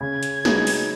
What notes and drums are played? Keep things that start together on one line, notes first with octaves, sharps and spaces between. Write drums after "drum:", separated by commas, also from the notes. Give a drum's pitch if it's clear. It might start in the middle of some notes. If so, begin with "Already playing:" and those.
C#3 G#6
drum: hi-hat
F#3 B3 D#4 G#4, drum: snare
drum: open hi-hat